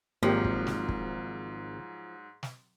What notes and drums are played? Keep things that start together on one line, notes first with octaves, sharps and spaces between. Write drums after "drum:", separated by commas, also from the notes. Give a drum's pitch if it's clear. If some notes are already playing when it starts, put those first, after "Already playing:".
G#1 G#2 F3 F#3 A#3 G4
drum: kick
drum: snare
drum: kick
drum: snare